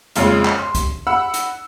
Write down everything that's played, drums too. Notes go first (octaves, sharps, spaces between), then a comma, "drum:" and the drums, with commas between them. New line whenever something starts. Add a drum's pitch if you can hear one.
A#1 F2 C#3 G#3 C#4, drum: hi-hat
drum: clap
C6
drum: kick C#2, hi-hat
F#5 B5 E6
drum: hi-hat